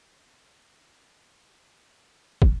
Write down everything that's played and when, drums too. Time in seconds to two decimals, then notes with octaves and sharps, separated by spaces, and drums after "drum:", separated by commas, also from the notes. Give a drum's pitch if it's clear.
0.12 D5
0.48 A3 G#5
0.98 D#4 A5
1.53 C#4 D4 F4 A5
1.89 F3
2.03 E5
2.42 drum: kick